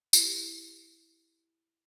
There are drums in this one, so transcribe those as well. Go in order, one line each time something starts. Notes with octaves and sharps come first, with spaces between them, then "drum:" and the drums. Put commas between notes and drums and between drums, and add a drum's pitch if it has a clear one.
E4 G4, drum: tambourine